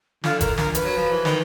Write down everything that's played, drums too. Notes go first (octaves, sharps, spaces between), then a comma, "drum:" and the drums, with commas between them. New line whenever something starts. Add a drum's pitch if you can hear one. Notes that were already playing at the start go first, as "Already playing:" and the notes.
D3 F4, drum: snare
A#4, drum: kick, hi-hat
A#4, drum: snare
B4, drum: hi-hat
F#3
F3
E3
D#3, drum: snare